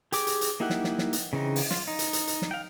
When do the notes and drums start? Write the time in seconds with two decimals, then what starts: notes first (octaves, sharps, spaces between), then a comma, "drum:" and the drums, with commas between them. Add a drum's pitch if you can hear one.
0.12 G4 G#4 D6, drum: hi-hat
0.27 drum: hi-hat
0.41 drum: hi-hat
0.60 A#3 D#4 E4 G4 F#5
0.70 drum: snare
0.84 drum: snare
0.98 drum: snare
1.13 drum: hi-hat
1.33 C#3 E3 C4 D#4
1.56 drum: open hi-hat
1.71 F4, drum: snare
1.87 D#4
1.99 drum: hi-hat
2.13 drum: hi-hat
2.27 drum: hi-hat
2.42 drum: snare
2.51 F5 G5